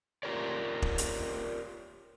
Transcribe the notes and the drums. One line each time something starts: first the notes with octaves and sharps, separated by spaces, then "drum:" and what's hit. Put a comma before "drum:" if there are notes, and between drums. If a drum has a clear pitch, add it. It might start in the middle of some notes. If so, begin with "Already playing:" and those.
F4 G4 A#4 C#5 D5
drum: kick
drum: hi-hat